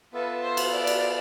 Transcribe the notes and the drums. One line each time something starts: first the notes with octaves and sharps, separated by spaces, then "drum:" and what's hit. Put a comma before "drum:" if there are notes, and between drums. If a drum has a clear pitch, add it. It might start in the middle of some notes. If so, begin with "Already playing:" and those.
B3 F4 A4 B4 E5 A5
C5
drum: cymbal
D5
drum: cymbal